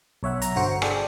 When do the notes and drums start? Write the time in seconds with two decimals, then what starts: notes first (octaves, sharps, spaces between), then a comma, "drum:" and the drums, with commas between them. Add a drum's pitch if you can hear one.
0.23 B1 C#5 E5 F#5
0.42 A#5, drum: hi-hat
0.56 G1 D3 F#4 C5 C#7
0.82 G#4 A4 D5 G5, drum: rim click